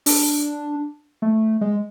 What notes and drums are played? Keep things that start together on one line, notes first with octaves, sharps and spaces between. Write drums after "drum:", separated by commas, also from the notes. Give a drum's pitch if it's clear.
D4, drum: open hi-hat
A3
G#3